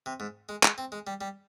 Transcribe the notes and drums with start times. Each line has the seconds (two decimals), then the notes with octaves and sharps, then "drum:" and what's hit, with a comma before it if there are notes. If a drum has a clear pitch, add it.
0.06 C3
0.20 G#2
0.49 G#3
0.63 G#3, drum: clap
0.78 C4
0.92 G#3
1.07 G3
1.21 G3